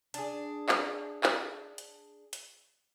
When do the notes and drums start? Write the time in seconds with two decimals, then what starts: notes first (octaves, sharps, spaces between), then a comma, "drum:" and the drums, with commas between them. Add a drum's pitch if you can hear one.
0.14 D4 G#4, drum: hi-hat
0.69 drum: clap
1.23 drum: clap
1.78 drum: hi-hat
2.33 drum: hi-hat